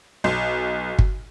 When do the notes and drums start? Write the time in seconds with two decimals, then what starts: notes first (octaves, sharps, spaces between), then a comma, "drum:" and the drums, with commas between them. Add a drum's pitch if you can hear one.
0.24 B1
0.99 drum: kick